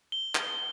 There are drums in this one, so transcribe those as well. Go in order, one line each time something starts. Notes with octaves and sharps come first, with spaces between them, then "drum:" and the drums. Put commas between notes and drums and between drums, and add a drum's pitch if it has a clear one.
G7
drum: clap